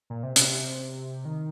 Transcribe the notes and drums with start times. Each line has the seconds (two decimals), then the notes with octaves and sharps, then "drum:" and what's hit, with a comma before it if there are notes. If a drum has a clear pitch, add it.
0.10 A#2
0.23 C3
0.36 C3, drum: hi-hat
1.25 D#3